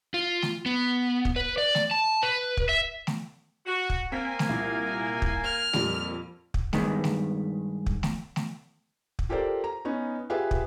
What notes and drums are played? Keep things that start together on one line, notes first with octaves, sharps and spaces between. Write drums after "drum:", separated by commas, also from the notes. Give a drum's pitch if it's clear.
F4
drum: snare A3
B3
drum: kick
B4
D5
drum: snare A3
A5
B4
drum: kick
E5
drum: snare A3
F#4
drum: kick
A#3 C4 G#5 B6
drum: snare A3
C2 A#2
drum: kick
F6
F2 A#2 G3, drum: snare A3
drum: kick
G2 D#3 G#3 B3, drum: snare A3
drum: snare A3
drum: kick
drum: snare A3
drum: snare A3
drum: kick
F4 G4 A4 A#4 C5 D5
A#5
B3 C#4 D#4
F4 G4 G#4 B4 E5 F5
drum: kick